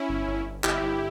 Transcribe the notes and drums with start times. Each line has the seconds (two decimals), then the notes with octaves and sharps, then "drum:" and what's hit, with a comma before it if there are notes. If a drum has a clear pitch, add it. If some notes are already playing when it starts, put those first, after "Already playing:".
Already playing: C#4 E4
0.09 G1
0.27 G1
0.45 G1
0.64 G1 E4 G4, drum: clap
0.82 G1